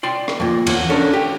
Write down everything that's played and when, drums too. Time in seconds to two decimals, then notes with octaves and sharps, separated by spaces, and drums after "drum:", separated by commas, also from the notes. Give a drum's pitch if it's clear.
0.03 D5 G5 C6
0.28 drum: rim click
0.40 F2 A#2
0.67 E2 F#5, drum: cymbal
0.90 C#4 D4 A4 A#4
1.13 G4